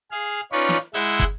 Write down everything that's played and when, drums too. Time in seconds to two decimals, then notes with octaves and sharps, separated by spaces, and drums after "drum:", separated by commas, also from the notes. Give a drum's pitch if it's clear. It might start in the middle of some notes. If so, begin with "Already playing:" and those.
0.11 G#4 F5
0.52 C#4 D#4 F4 B4 C#5 D5
0.69 drum: snare
0.94 G#3 E4 F#5 E6 G6 G#6, drum: hi-hat
1.19 drum: kick